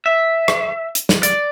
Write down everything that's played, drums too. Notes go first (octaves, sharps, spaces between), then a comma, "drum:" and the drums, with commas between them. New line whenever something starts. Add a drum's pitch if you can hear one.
E5
drum: rim click
drum: hi-hat
drum: snare
D5, drum: hi-hat